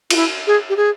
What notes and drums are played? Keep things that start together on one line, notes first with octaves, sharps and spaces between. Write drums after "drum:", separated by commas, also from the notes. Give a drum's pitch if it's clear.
F4, drum: cymbal
E4
G#4
G4
G#4